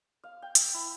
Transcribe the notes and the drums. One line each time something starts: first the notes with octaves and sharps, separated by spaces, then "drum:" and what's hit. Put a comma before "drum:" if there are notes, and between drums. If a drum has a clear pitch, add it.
F5
G5
E6, drum: hi-hat
E4